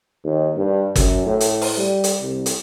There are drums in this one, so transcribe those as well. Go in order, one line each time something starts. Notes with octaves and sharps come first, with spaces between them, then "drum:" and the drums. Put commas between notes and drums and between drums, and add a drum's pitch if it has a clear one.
D#2
G2
F#2, drum: kick, hi-hat
A2
drum: hi-hat
drum: open hi-hat
G3
drum: hi-hat
C2
drum: hi-hat